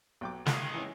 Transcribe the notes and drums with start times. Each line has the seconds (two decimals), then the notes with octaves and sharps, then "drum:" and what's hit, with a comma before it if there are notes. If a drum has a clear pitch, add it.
0.21 B1 G5 D6
0.46 D#3 G#3 A3 F4, drum: snare
0.74 E3 C#4